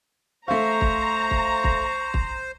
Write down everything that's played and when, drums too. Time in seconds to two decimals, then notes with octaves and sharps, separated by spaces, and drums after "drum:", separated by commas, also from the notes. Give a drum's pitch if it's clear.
0.48 A3 C5 F5 A#5 C#6
0.81 drum: kick
1.31 drum: kick
1.64 drum: kick
2.14 drum: kick